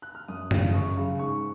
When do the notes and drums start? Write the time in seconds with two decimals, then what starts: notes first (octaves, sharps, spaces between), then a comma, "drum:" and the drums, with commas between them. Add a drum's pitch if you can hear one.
0.02 F#6
0.15 F6
0.28 F#2 D#6
0.51 C#3, drum: tom F#2
0.74 F#2 C#6
0.97 C#3
1.19 G#2 C#6